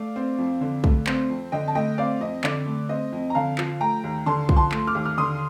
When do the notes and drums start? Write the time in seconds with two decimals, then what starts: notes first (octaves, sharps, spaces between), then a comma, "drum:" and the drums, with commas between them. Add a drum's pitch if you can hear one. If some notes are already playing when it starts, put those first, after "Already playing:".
Already playing: A3 D5 F5
0.16 C4
0.38 F2
0.61 D3
0.84 A3, drum: kick
1.07 C4, drum: clap
1.29 F2
1.52 D3 D#5 G5
1.68 A5
1.75 A3 D#5 G5
1.98 C4 D5 F5
2.20 F2 D#5
2.44 D3 D5, drum: clap
2.66 A3
2.89 C4 D#5
3.12 F2
3.30 A#5
3.35 D3 F5 A5
3.58 F3, drum: clap
3.81 A3 G5 A#5
4.04 D#2
4.26 D3 A5 C6
4.49 F3, drum: kick
4.56 A5 C6
4.72 A3, drum: clap
4.87 D6 F6
4.95 D#2
5.05 F6
5.18 D3 C6 D#6